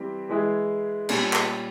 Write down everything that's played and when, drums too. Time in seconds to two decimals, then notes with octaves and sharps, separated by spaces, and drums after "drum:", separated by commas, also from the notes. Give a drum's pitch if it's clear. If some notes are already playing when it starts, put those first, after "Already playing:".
Already playing: E3 G3 C4 G4
0.29 E3 G#3 E4 G#4
1.09 A#2 G3 C#4, drum: cymbal
1.33 drum: clap